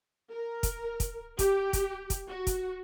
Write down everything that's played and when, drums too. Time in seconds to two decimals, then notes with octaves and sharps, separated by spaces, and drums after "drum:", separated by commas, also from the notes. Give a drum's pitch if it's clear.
0.32 A#4
0.63 drum: kick, hi-hat
1.00 drum: kick, hi-hat
1.39 G4, drum: kick, hi-hat
1.73 drum: kick, hi-hat
2.10 drum: kick, hi-hat
2.28 F#4
2.47 drum: kick, hi-hat